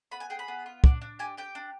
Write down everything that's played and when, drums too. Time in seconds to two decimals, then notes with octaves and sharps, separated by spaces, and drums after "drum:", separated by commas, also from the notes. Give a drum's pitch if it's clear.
0.11 B3 B5
0.20 G#5
0.30 G#4 G5
0.39 B5
0.48 B3
0.66 F4
0.84 D4, drum: kick
1.01 D4
1.19 G4 G#5
1.37 G4 G5
1.55 D4